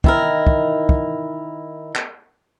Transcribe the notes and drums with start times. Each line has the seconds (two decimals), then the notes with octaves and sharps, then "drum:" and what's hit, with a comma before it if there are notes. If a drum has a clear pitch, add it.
0.04 D#3 E4 A#4, drum: kick
0.47 drum: kick
0.89 drum: kick
1.95 drum: clap